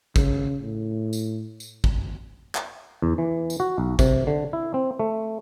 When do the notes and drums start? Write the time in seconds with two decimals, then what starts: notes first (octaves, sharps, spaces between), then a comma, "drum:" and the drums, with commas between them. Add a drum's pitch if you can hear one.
0.16 C#3, drum: kick G#1, tambourine
0.62 A2
1.13 drum: tambourine
1.60 drum: tambourine
1.84 drum: kick G#1
2.55 drum: clap
3.02 E2
3.18 E3
3.50 drum: tambourine
3.60 F#4
3.78 B1
3.99 C3, drum: kick G#1, tambourine
4.27 D3
4.53 E4
4.74 C4
4.99 A3